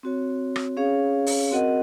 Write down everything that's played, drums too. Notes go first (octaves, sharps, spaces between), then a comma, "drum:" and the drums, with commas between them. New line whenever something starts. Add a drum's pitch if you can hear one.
C4 F#4 C#5
drum: rim click
C#4 G#4 C#5 F5
drum: open hi-hat
C4 F#4 A#4 D#5 F#5